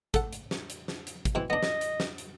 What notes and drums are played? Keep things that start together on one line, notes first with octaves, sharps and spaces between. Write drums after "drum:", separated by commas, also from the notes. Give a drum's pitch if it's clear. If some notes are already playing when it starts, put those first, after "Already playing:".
A4 F#5, drum: kick, hi-hat
drum: hi-hat
drum: snare
drum: hi-hat
drum: snare
drum: hi-hat
drum: kick, hi-hat
B2 E3 C4
B3 D4 D#5
drum: snare
drum: hi-hat
drum: snare
drum: hi-hat